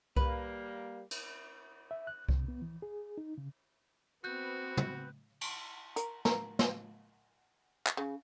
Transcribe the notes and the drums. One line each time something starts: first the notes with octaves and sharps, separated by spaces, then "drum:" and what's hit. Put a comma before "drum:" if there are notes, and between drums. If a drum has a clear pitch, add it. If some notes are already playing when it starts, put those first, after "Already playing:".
G3 A#3 B4, drum: kick C2
drum: cymbal
E5
F#6
C3, drum: kick C2
B3
E3
G#4
D#4
C#3
B3 C4 F#4 B4 F#6 G6
drum: tom
drum: cymbal
A#4, drum: hi-hat
A#4, drum: snare
drum: snare
drum: clap
C#3